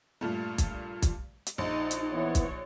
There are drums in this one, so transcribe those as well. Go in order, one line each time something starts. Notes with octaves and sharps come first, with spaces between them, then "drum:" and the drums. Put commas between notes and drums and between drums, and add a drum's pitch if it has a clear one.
G2 A#2 A3
drum: kick, hi-hat
drum: kick, hi-hat
drum: hi-hat
A#1 D#4
drum: hi-hat
E3 B3 C#5
drum: kick, hi-hat